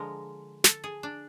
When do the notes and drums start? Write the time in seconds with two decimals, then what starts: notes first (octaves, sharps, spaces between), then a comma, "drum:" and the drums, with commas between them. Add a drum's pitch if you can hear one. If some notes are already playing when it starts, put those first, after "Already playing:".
Already playing: D3 F3 G#3 A#4
0.64 A4, drum: snare
0.84 G#4
1.03 D4